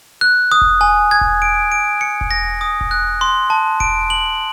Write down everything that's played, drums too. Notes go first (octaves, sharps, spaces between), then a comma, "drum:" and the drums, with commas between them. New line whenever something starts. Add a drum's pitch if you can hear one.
F#6
D#6
drum: kick E1
G#5
G#6
drum: kick E1
D7
D7
C#7
drum: kick E1
A#6
D#6
drum: kick E1
F#6
C6
A5
D7, drum: kick E1
F#7